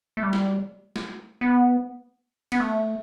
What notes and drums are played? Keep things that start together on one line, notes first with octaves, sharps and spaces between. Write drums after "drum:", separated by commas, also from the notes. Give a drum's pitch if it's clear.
A3
G3
drum: snare
drum: snare
B3
B3, drum: cymbal
A3